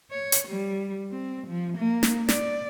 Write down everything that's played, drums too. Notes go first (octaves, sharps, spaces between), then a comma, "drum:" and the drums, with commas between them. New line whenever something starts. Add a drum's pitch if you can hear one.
C#5
drum: hi-hat
G3
C4
F3
A#3
drum: snare
D5, drum: snare